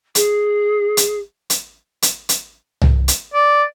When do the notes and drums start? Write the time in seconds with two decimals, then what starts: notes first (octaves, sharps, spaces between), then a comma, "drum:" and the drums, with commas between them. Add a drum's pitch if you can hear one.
0.15 G#4, drum: hi-hat
0.97 drum: hi-hat
1.50 drum: hi-hat
2.02 drum: hi-hat
2.29 drum: hi-hat
2.82 drum: tom
3.08 drum: hi-hat
3.34 D5